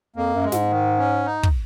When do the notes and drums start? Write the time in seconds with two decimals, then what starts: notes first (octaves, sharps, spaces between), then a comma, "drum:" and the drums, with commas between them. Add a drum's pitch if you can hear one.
0.16 F2 A#3
0.34 F#2
0.43 G#3
0.52 G#2, drum: snare
0.71 D#3
0.98 C#4
1.26 D#4
1.43 drum: kick